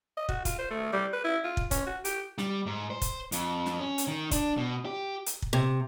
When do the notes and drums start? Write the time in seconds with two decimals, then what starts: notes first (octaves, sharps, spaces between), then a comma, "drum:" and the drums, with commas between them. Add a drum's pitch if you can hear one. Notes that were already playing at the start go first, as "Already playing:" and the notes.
0.17 D#5
0.29 F#4, drum: kick
0.45 F4, drum: kick, hi-hat
0.59 C5
0.71 A3
0.93 G3
1.13 B4
1.24 E4
1.44 F4
1.57 drum: kick
1.71 C#4, drum: kick, hi-hat
1.86 F#4
2.05 G4, drum: hi-hat
2.38 G3, drum: snare
2.66 G#2
2.90 C5
3.02 drum: kick, hi-hat
3.32 F2, drum: hi-hat
3.66 drum: snare
3.80 C#4
3.98 drum: hi-hat
4.07 D#3
4.31 D4, drum: kick, hi-hat
4.57 B2
4.85 G4
5.26 drum: hi-hat
5.42 drum: kick
5.53 C3